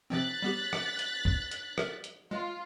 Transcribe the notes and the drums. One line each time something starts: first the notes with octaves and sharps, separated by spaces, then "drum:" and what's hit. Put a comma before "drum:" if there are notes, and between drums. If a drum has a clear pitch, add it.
C3 F3 C4 F#6 A6 B6
G3 B3 G4
drum: rim click
drum: hi-hat
drum: kick
drum: hi-hat
A#4 E5, drum: rim click
drum: hi-hat
G#3 F4